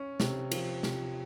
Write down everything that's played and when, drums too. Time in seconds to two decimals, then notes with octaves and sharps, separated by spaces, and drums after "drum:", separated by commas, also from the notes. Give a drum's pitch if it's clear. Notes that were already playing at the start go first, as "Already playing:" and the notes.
Already playing: C#4
0.20 C3, drum: snare
0.51 F3, drum: cymbal
0.83 C3, drum: snare